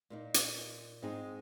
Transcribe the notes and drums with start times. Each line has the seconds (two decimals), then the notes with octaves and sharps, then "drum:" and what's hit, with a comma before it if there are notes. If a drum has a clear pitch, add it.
0.10 A#2 A#3 D#4
0.34 drum: hi-hat
1.02 G#2 G#3 C4 D#4